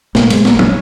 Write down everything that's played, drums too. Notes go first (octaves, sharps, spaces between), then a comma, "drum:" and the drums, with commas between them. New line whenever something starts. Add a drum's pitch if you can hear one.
A#2 A#3, drum: snare
A#2 G#3, drum: cymbal
A#3, drum: snare
A#1
C#4, drum: tom